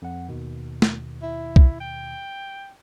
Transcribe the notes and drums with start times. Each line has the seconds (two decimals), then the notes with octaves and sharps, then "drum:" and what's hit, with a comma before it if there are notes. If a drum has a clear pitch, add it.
0.02 F2 F#5
0.28 D#2 B2 D#3
0.82 drum: snare
1.22 E4
1.56 drum: kick B1
1.80 G5